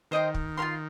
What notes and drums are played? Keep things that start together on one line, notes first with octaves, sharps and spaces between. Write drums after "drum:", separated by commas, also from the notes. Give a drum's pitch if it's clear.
D#3 C5 D#5 G5 C6
drum: kick
F4 A#4 F5 C6